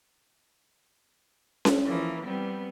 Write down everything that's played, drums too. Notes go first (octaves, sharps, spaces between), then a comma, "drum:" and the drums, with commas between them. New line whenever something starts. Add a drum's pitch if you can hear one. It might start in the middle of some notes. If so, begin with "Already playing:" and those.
drum: snare C#4
E3 F3 A#3
G3 B3 C4